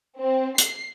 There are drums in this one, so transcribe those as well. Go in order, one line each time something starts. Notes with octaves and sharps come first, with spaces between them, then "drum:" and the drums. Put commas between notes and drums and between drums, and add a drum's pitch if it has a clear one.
C4
C7, drum: hi-hat